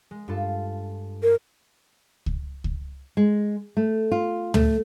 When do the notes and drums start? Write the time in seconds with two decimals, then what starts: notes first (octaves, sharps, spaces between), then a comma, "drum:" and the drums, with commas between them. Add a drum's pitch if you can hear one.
0.11 G#3
0.28 G2 F4 A4
1.23 A#4
2.26 drum: kick C#2
2.64 drum: kick C#2
3.17 G#3
3.77 A3
4.12 F4
4.54 A3, drum: tom